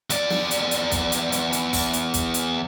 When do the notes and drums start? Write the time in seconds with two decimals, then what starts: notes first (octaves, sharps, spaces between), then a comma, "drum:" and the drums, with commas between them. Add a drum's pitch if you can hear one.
0.10 E2 D5, drum: hi-hat
0.30 drum: snare
0.51 drum: hi-hat
0.71 drum: hi-hat
0.91 drum: kick, hi-hat
1.12 drum: hi-hat
1.32 drum: hi-hat
1.53 drum: hi-hat
1.73 drum: kick, open hi-hat
1.93 drum: hi-hat
2.14 drum: kick, hi-hat
2.34 drum: hi-hat